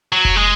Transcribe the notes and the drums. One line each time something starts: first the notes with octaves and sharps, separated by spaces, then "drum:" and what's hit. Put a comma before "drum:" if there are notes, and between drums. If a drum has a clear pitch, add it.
F#3
drum: kick F1
G#3